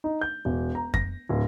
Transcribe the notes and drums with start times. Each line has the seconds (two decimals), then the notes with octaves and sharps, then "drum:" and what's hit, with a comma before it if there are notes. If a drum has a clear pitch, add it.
0.04 D#4
0.21 G6
0.45 E1
0.75 A#5
0.94 A#6, drum: kick F2
1.29 D1